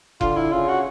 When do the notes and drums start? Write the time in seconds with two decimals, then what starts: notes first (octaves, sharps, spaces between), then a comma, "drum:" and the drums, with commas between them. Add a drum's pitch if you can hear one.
0.21 D3 F4, drum: kick F1
0.37 E4
0.52 C#3 F4
0.68 F#4